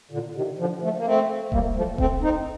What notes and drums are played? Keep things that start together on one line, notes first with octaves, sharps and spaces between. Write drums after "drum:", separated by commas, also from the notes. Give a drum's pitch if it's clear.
A#2 D3
C3 D#3
D3 F3
F3 A3
A#3
A3 C4
G3 A#3, drum: kick D#1
F3 A3
A3 C4, drum: kick D#1
C4 D#4